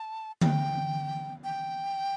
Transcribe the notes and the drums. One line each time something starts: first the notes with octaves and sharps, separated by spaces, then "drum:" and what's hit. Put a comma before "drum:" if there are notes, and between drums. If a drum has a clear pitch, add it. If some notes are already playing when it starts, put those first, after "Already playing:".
Already playing: A5
G5, drum: tom D3
G5